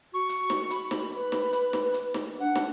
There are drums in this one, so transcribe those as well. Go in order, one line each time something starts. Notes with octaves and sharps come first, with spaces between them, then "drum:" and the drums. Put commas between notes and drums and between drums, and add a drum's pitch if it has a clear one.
F#4 C#6
drum: hi-hat
drum: snare
B5, drum: hi-hat
drum: snare
B4
drum: snare
drum: hi-hat
drum: snare
drum: hi-hat
drum: snare
D4 F#5
drum: snare